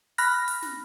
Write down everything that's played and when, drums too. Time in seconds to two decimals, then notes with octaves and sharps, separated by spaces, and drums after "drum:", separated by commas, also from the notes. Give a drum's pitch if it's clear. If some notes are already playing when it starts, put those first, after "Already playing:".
0.18 B5 F6 F#6 A#6, drum: open hi-hat
0.48 drum: open hi-hat
0.62 drum: snare